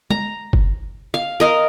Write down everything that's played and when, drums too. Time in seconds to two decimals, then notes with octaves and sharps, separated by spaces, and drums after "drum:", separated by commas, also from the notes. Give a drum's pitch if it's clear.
0.10 A#5, drum: tom G#3
0.53 drum: kick F#1
1.14 F5
1.40 A#4 D#5 F5